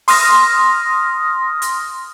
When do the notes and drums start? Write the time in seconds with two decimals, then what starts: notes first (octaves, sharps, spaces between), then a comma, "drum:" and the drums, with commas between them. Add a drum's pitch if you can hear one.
0.08 C6 D#6 F6 A#6, drum: open hi-hat
1.62 drum: hi-hat